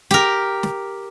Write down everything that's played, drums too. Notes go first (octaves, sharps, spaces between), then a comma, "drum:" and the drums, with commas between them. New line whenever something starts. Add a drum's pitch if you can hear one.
G4 A#4, drum: snare
drum: snare